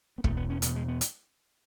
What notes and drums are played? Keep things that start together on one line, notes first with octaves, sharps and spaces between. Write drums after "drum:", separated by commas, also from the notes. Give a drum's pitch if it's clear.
B3
E2 B2 A3, drum: kick
B3
C#4
E2 B2 B3, drum: hi-hat
G#3
B3
drum: hi-hat